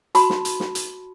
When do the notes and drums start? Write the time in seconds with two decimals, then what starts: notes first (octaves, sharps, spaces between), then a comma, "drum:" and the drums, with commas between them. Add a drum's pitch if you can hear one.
0.15 F#4 A5 B5 C6, drum: hi-hat
0.30 drum: snare
0.45 drum: hi-hat
0.60 drum: snare
0.75 drum: hi-hat